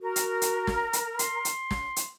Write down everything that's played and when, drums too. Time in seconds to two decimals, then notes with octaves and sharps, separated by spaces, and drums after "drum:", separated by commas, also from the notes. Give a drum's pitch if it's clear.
0.01 F#4 A#4
0.16 drum: hi-hat
0.42 drum: hi-hat
0.67 drum: snare
0.93 drum: hi-hat
1.19 C6, drum: hi-hat
1.45 drum: hi-hat
1.71 drum: snare
1.96 drum: hi-hat